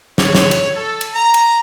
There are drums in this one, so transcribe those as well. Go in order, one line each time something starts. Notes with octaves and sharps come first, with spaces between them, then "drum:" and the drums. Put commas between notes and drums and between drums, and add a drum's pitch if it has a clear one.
C#5, drum: snare
drum: snare
drum: cymbal
A4
drum: cymbal
A#5
drum: cymbal